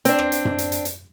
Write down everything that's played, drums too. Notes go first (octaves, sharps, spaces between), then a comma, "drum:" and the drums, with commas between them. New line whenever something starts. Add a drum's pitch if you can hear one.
C4 D4, drum: hi-hat
drum: rim click
drum: hi-hat
drum: tom F#2
drum: hi-hat
drum: hi-hat
drum: hi-hat